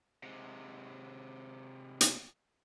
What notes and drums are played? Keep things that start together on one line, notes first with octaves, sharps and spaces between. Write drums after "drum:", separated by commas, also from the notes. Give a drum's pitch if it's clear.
C3 G#3
drum: hi-hat